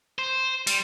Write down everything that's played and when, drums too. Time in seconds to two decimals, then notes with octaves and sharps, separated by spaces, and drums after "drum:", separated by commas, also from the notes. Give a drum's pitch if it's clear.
0.19 C5
0.67 G3, drum: open hi-hat